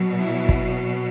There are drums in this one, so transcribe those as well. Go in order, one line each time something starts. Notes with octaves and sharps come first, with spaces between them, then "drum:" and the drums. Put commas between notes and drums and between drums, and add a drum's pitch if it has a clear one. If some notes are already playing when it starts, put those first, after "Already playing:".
Already playing: B2 F#3
E4
drum: kick